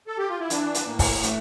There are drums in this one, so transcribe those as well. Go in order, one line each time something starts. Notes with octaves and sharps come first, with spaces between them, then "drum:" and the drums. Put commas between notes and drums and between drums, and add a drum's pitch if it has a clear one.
A4
G4
F4
E4
E3 D4, drum: hi-hat
drum: hi-hat
A2 A#3
drum: kick, open hi-hat
E3 A3, drum: hi-hat